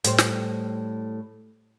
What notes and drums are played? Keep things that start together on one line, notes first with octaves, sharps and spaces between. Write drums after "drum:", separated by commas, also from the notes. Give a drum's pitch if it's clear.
A2 G3 C5, drum: hi-hat
drum: snare